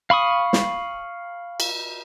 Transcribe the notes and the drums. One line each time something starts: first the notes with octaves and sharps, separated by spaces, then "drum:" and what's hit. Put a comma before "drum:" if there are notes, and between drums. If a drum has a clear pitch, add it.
F5 B5 C#6 D#6
drum: snare
drum: cymbal